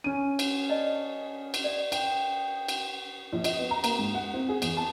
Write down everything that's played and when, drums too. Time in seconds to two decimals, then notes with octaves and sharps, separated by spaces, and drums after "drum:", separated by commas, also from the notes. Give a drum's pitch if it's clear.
0.04 C#4 D4 D#7
0.39 drum: cymbal
0.69 D5 D#5 A5
1.54 drum: cymbal
1.64 D5 E5
1.92 G5, drum: cymbal
2.69 drum: cymbal
3.32 A#1
3.44 D#5, drum: cymbal
3.59 B3
3.71 A#5
3.84 A#3, drum: cymbal
3.99 G#2
4.14 F#5
4.34 C4
4.49 G#4
4.62 E2, drum: cymbal
4.77 A5